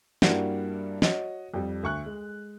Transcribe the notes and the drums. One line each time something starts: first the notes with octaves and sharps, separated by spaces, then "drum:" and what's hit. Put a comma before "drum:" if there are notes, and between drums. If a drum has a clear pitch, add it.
G2 G3 A#3 D4 E4 F#4, drum: snare
F#4 C#5 D#5, drum: snare
F2 G3
D2 C#6 F#6
G#3